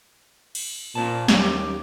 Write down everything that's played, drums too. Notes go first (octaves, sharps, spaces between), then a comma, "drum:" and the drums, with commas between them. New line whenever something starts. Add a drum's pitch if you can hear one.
drum: cymbal
A#2 C#4 C5 A5
D#2 G4, drum: snare